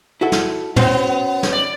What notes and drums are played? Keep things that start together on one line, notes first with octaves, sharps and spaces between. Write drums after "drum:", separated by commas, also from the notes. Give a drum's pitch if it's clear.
E4 F#4 A4
drum: snare
B3 C#4 F#4 C5, drum: tom
drum: snare
D5